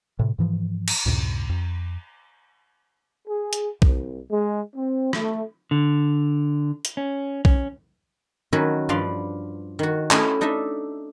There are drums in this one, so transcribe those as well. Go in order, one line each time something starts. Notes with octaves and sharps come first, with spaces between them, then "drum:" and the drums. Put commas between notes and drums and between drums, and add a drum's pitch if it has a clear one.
A2 C3
G#2 E3 F3
drum: cymbal
C#2 F#2 A2 C3
F2
G#4
drum: hi-hat
C2, drum: kick
G#3
C4
A3, drum: rim click
D3
drum: hi-hat
C#4
C#4, drum: kick
D#3 F#3 C#4 F#4 B4
G2 F3 B4 D5 F5 C6
D#3 F#4
A3 C#4 E4 D#5, drum: clap
D4 D#4 A4 D#5 E5